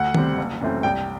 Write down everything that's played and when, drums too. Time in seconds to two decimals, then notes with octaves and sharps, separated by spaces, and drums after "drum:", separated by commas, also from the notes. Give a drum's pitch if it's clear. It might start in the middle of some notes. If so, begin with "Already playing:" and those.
Already playing: D2 F#5
0.15 C3 G3 C4, drum: tom D#3
0.38 F#1
0.61 F#2 E3 A3 C4
0.83 C2 G5